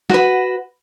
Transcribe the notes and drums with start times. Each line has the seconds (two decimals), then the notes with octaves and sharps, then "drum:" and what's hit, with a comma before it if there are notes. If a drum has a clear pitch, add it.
0.10 F#4 B4, drum: snare